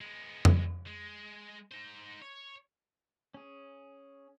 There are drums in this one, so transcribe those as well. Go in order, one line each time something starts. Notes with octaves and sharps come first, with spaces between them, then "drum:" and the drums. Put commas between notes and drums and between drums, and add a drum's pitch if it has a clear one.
G#3 B3
drum: tom F2
G#3
D#4 C5
C#5
C#4 G#4